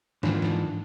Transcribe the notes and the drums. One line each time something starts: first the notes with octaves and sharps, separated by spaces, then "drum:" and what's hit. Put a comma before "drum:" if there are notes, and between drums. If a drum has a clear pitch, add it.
G#2 E3 F3 D4, drum: snare
drum: snare